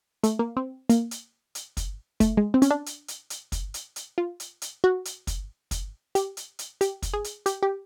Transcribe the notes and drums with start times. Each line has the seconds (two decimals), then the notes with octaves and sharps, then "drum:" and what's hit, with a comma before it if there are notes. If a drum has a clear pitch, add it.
0.23 A3, drum: hi-hat
0.39 A#3
0.57 C4
0.90 A#3, drum: hi-hat
1.11 drum: hi-hat
1.55 drum: hi-hat
1.77 drum: kick, hi-hat
2.20 A3, drum: kick, hi-hat
2.37 G#3
2.54 C4
2.62 C#4, drum: hi-hat
2.71 D4
2.86 drum: hi-hat
3.08 drum: hi-hat
3.30 drum: hi-hat
3.52 drum: kick, hi-hat
3.74 drum: hi-hat
3.96 drum: hi-hat
4.18 F4
4.40 drum: hi-hat
4.62 drum: hi-hat
4.84 F#4
5.05 drum: hi-hat
5.27 drum: kick, hi-hat
5.71 drum: kick, hi-hat
6.15 G4, drum: hi-hat
6.37 drum: hi-hat
6.59 drum: hi-hat
6.81 G4, drum: hi-hat
7.03 drum: kick, hi-hat
7.14 G#4
7.24 drum: hi-hat
7.46 G4, drum: hi-hat
7.63 G4